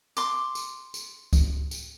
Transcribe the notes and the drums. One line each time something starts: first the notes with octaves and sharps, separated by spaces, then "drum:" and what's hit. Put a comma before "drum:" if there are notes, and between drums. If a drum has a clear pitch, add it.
C6 D6, drum: tambourine
drum: tambourine
drum: tambourine
drum: kick C#2, tambourine
drum: tambourine